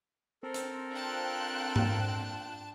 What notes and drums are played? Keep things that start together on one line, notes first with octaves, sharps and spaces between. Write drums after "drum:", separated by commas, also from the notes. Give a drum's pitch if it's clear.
C4 A4 A#4
drum: hi-hat
D4 F4 G5 A5 F#6
drum: tom G#2